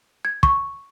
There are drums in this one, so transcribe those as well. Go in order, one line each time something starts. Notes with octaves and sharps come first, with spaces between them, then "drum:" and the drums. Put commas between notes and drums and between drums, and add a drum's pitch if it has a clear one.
G#6
C#6, drum: kick